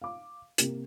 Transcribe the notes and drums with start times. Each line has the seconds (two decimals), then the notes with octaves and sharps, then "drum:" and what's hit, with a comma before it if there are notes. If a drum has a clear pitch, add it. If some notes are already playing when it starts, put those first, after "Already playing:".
0.02 F5 D6
0.58 C3 A#3 G4, drum: hi-hat